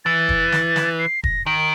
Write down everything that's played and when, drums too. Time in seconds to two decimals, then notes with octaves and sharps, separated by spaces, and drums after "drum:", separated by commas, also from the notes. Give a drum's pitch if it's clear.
0.05 E3 A6
0.29 drum: kick E1
0.52 drum: snare
0.76 drum: snare
0.99 C7
1.24 A#6, drum: kick E1
1.46 D#3 D7